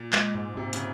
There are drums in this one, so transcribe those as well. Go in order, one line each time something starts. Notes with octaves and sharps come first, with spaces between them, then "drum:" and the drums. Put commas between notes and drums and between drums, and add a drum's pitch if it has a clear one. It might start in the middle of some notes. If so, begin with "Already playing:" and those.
Already playing: A#2
G#3, drum: clap
G#2
G#2 C3
C#3, drum: hi-hat